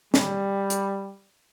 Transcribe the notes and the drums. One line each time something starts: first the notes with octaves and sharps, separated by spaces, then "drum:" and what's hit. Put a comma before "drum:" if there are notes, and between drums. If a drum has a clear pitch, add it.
G3, drum: snare
drum: hi-hat